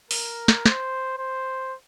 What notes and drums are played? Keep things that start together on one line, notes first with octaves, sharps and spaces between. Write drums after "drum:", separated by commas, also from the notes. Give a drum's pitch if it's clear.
A#4, drum: open hi-hat
drum: snare
C5, drum: snare
C5